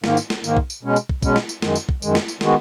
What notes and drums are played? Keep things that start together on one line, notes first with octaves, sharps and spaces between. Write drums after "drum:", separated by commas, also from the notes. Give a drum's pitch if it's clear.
G#2 D#3 A#3, drum: snare
drum: tambourine
drum: snare
G#2 D#3 A#3, drum: tambourine
drum: kick
drum: tambourine
B2 G#3 C#4
drum: tambourine
drum: kick
B2 G#3 C#4, drum: kick, tambourine
drum: snare
drum: tambourine
F#2 D#3 G#3, drum: snare
drum: tambourine
drum: kick
F#2 D#3 G#3, drum: tambourine
drum: snare
drum: tambourine
D#3 G#3 B3 F#4, drum: snare